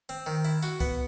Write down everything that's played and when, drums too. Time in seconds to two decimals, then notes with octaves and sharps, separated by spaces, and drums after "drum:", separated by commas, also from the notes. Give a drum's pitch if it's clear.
0.09 C4
0.26 D#3
0.45 E4
0.63 F#4, drum: tambourine
0.81 B3, drum: kick C#2